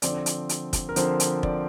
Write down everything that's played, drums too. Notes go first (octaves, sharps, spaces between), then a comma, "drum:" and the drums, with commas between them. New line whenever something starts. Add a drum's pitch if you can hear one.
D3 F3 C4 D5, drum: hi-hat
drum: hi-hat
drum: hi-hat
drum: kick, hi-hat
A#4
D3 F3 C4 C5, drum: hi-hat
drum: hi-hat
D5, drum: kick